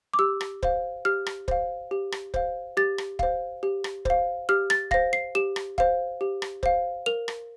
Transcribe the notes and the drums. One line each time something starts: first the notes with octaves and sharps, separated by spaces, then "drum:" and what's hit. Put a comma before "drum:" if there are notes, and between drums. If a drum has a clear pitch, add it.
D6
G4 E6
drum: rim click
C5 F5, drum: kick
G4 F6
drum: rim click
C5 F5, drum: kick
G4
drum: rim click
C5 F5, drum: kick
G4 A6
drum: rim click
C5 F5, drum: kick
G4
drum: rim click
C5 F5, drum: kick
G4 F6
A6, drum: rim click
C5 F5 A#6, drum: kick
C7
G4 E7
drum: rim click
C5 F5, drum: kick
G4
drum: rim click
C5 F5, drum: kick
A#4 F7
drum: rim click